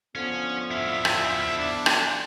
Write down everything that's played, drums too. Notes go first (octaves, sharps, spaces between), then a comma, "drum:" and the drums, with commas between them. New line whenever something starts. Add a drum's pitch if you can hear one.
D3 F3 B3 C#4
E4 E5 F5
drum: rim click
D4
drum: rim click